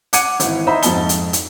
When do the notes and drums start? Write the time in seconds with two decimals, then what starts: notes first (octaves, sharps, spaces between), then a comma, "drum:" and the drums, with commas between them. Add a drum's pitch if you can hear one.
0.13 F#5 D6 G#6 C#7 D#7, drum: hi-hat
0.40 G#1 E3, drum: hi-hat
0.67 D#4 C5 E5 B5
0.83 F2 G#2 A5 G7, drum: hi-hat
1.09 drum: hi-hat
1.33 drum: hi-hat